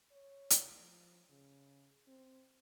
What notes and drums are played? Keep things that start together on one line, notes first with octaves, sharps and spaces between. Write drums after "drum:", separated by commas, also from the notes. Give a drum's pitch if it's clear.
C#5
drum: hi-hat
F3
C#3
C4